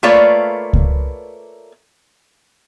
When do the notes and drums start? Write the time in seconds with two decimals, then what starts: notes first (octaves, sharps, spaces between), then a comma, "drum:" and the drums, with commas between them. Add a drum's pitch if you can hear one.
0.03 A3 A#3 F4 B4 C#5 D5
0.73 drum: kick C#2